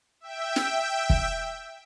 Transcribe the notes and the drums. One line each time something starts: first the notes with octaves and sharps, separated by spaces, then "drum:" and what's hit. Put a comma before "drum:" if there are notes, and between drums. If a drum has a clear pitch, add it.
E5 G5
drum: snare
drum: kick